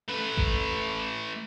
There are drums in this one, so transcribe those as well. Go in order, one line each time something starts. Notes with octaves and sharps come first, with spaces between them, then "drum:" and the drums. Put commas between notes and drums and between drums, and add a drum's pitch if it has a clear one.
A3 B4
drum: kick G#1